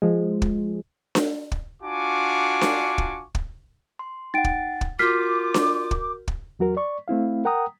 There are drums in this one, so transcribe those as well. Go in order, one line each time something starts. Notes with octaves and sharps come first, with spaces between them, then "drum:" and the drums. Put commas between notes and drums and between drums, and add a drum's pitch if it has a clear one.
F3 G#3
drum: kick
drum: snare D4
drum: kick
D4 F4 F#4 G#5 C#6 D6
drum: snare D4
drum: kick
drum: kick
C6
D#4 F#5 G5 A6 D7
drum: kick
drum: kick
F4 F#4 A#4 D6 F6 G6 B6 C7
drum: snare D4
drum: kick
drum: kick
E2 F#3 F#4 A#4
D5 C#6
A3 C4 E4 F5
A#4 F#5 G5 A#5 D#6